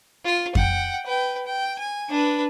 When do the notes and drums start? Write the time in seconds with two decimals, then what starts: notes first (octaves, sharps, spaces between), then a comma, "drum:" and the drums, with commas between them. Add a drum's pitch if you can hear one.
0.25 F4
0.55 F#5 G5, drum: kick F2
1.06 B4 G5
1.46 G5
1.79 G#5
2.09 D4 B4